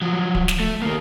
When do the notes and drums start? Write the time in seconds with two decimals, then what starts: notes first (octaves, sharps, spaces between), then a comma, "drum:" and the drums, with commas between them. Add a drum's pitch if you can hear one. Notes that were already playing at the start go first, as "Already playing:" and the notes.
0.02 F3 F#3
0.35 drum: kick D1
0.48 drum: snare
0.60 A3
0.82 D#3 A#3